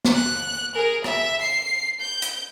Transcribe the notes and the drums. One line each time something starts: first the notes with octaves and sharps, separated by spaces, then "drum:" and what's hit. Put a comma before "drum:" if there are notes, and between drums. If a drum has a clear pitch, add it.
drum: snare
F#6
G#4 A#4
E5, drum: rim click
C7
G6
drum: hi-hat